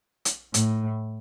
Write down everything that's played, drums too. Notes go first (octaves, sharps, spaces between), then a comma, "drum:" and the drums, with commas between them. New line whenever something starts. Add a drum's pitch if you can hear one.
drum: hi-hat
A2, drum: hi-hat